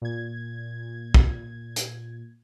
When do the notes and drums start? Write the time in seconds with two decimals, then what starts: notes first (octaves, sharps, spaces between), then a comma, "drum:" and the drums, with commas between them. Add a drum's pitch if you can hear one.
0.02 A#2 G#6
1.14 drum: kick
1.76 drum: hi-hat